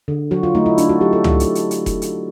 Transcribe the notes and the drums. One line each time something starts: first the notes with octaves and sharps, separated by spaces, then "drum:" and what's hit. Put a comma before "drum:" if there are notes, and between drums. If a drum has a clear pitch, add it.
D3
F#3 F#4
F4
A3 D#4
E4
D4 F4, drum: hi-hat
F#4
F#3 G4
A4
drum: tom C#2
drum: hi-hat
drum: hi-hat
drum: hi-hat
drum: kick F1, hi-hat
drum: hi-hat